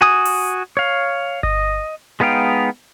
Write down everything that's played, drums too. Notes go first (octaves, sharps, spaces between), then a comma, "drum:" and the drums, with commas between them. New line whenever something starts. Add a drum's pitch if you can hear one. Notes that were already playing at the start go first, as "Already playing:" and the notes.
F#4 G#5 D#6
drum: open hi-hat
C#5 F5
D#5, drum: kick G1
G#3 B3 D#4 F5 G5